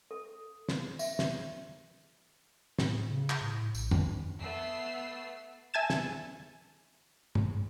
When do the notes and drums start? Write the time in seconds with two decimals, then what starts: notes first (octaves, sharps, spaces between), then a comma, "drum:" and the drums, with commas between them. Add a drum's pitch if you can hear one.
0.11 A4
0.69 drum: snare
0.99 E5, drum: tambourine
1.19 drum: snare
2.79 A2, drum: snare
3.11 C#3
3.30 drum: clap
3.42 A2
3.75 A#1, drum: tambourine
3.91 E3, drum: tom
4.40 A3 B3 E6 C7
5.74 E5 G#5 A5 G#6 A6 E7
5.90 drum: snare
7.35 drum: tom